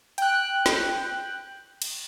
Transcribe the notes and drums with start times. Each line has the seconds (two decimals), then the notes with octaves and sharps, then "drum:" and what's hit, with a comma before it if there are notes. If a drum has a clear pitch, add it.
0.18 G5 F#6, drum: hi-hat
0.66 drum: snare
1.82 drum: cymbal